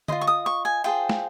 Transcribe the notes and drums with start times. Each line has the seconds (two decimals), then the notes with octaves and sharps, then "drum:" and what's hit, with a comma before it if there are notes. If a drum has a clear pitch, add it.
0.08 F4 C5 D#5 C6, drum: tom D3
0.21 C#6
0.27 D#6
0.46 C#6
0.65 G#5
0.84 F4 G#4 C5 G5
1.09 drum: snare